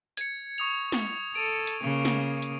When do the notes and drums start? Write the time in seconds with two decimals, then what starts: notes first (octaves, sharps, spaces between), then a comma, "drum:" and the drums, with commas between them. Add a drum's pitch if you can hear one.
0.17 G#6 C#7, drum: hi-hat
0.58 C#6 D#6 F7
0.92 drum: snare
1.35 A4 D7 D#7
1.67 drum: hi-hat
1.82 C#3 A#3
2.05 drum: snare
2.42 drum: hi-hat